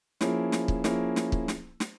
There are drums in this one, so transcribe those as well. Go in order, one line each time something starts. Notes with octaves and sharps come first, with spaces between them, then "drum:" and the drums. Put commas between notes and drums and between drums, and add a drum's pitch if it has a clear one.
F3 A#3 C#4 E4 G#4, drum: snare
drum: snare
drum: kick
F3 A#3 C#4 E4 G#4, drum: snare
drum: snare
drum: kick
drum: snare
drum: snare